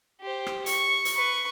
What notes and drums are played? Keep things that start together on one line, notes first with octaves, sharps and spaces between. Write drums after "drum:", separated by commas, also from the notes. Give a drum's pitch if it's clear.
G4 C5
drum: rim click
C#6, drum: hi-hat
drum: hi-hat
B4 C#6